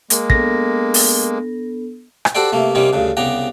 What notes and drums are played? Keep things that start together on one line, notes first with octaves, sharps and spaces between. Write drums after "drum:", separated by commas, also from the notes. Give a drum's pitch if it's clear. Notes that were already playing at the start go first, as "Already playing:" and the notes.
G#3 A#3, drum: hi-hat
B3 D4 A4 A#6, drum: kick
drum: open hi-hat
drum: rim click
F#4 G4 A4 C5 D5 G5
C3 A3 A#3
C3 G3 A#3 C4 C#4 D#4
D2 G2 C#3
C2 C#3 B3 G4 A#5